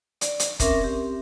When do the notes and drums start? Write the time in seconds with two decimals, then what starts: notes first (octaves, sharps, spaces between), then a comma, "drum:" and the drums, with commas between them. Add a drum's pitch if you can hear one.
0.21 D5, drum: hi-hat
0.39 drum: hi-hat
0.60 C4 C#4 A#4 E5 D6, drum: kick, hi-hat
0.81 C4 G4